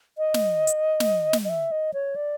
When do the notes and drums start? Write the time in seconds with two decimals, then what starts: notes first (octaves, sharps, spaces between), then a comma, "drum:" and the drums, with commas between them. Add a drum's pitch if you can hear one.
0.18 D#5
0.34 drum: snare
0.67 drum: hi-hat
1.00 drum: snare
1.33 drum: snare
1.45 D#5
1.49 E5
1.71 D#5
1.94 C#5
2.16 D5